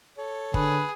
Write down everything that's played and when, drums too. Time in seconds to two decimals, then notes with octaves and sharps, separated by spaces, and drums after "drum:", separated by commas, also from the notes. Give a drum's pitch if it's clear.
0.18 A4 C#5
0.54 D3 G#4 B4, drum: kick G1